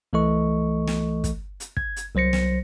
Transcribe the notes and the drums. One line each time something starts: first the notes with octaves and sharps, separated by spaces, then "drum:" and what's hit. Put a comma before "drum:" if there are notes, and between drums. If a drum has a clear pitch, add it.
C2 E3 A3 A4 D#5 C#6
drum: snare
drum: kick, hi-hat
drum: hi-hat
G#6, drum: kick
drum: hi-hat
C2 F#3 C5 A#6 C#7
drum: snare